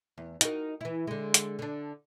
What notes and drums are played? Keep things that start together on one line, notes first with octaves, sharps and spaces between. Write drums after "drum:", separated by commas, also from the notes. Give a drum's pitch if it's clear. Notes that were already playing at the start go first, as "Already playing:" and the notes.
E2
D#4 F#4 A#4, drum: hi-hat
E3 E4
D3 G#3
drum: hi-hat
D3 D4